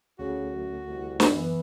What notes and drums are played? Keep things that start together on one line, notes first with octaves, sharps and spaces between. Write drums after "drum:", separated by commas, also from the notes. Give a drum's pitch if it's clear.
D2 C#3 A3 F#4
F#2
C2
drum: snare
F#2 E3 B3